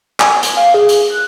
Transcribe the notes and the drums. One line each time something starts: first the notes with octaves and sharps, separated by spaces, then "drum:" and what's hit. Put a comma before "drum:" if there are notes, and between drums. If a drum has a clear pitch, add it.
G#5, drum: clap
drum: hi-hat
F5
G#4
drum: hi-hat
F#6